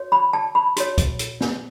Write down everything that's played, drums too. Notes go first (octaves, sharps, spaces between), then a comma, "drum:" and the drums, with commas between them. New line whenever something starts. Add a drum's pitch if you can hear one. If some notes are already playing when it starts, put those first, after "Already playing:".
Already playing: F#4 C#5
B5
A5
B5
F#4 C#5, drum: hi-hat
drum: kick, hi-hat
drum: hi-hat
drum: snare